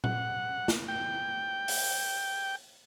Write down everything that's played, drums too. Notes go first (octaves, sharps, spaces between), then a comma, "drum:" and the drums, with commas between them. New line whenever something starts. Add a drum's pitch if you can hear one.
F#5, drum: tom A#2
drum: snare
G5
drum: open hi-hat